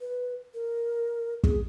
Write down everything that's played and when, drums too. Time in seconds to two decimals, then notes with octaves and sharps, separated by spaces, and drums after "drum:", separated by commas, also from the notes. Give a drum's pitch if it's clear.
0.01 B4
0.54 A#4
1.44 G#4, drum: kick